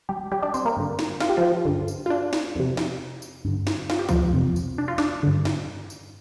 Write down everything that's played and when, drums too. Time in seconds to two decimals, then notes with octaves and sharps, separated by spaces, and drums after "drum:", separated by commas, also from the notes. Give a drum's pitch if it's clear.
0.09 G3 G4
0.31 G3 G4
0.42 D4 D5
0.54 C4 C5, drum: tambourine
0.65 A#3 A#4
0.77 G2 D3
0.99 drum: snare
1.20 F4, drum: snare
1.29 G4
1.37 F3 F4
1.65 G2 D3
1.88 drum: tambourine
2.06 F4
2.10 D4
2.33 drum: snare
2.55 F2 C3
2.77 drum: snare
3.22 drum: tambourine
3.45 G2 D3
3.67 drum: snare
3.90 F4, drum: snare
3.99 G4
4.09 F3 F4, drum: kick C#2, tambourine
4.33 F2 C3
4.56 drum: tambourine
4.78 D4
4.88 F4
4.98 D4, drum: snare
5.23 G2 D3
5.45 drum: snare
5.90 drum: tambourine